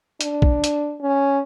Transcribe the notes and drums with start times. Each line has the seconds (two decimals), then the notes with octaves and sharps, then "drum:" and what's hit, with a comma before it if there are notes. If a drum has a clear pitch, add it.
0.21 D4, drum: hi-hat
0.42 drum: kick
0.64 drum: hi-hat
1.02 C#4